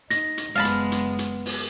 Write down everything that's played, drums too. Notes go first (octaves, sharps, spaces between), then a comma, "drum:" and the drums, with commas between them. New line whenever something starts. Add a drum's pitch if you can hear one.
D#4 A#6, drum: hi-hat
drum: hi-hat
F#1 G#3 B3 F5 A5 B5
drum: hi-hat
drum: hi-hat
drum: hi-hat
drum: open hi-hat